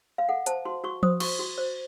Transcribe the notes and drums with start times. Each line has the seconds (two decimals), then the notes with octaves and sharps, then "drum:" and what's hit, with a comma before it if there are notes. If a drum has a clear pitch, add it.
0.18 F5
0.29 A4 F#5
0.46 C5 A5, drum: hi-hat
0.65 F#4 C6
0.84 F#4 C#6
1.03 C5 D#6, drum: tom F3
1.20 F#4 C#6, drum: cymbal
1.39 F#4
1.58 C5